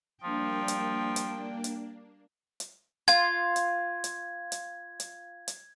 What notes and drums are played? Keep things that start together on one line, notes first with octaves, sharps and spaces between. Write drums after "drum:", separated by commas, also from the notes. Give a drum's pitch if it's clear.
F3 G3 A#3 D4 G5
drum: hi-hat
drum: hi-hat
drum: hi-hat
drum: hi-hat
F4 G#6, drum: hi-hat
drum: hi-hat
drum: hi-hat
drum: hi-hat
drum: hi-hat
drum: hi-hat